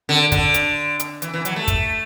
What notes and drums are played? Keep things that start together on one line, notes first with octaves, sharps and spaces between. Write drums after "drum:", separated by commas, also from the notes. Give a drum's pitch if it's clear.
D3
D3, drum: kick, hi-hat
drum: hi-hat
drum: hi-hat
E3, drum: hi-hat
E3
F#3, drum: hi-hat
A3
drum: kick, hi-hat